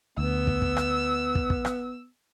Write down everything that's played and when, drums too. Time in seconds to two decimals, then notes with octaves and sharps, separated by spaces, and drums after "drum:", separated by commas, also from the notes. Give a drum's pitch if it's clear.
0.18 D2 B3 E6
0.47 drum: kick
0.62 drum: kick
0.77 drum: rim click
1.35 drum: kick
1.50 drum: kick
1.65 drum: rim click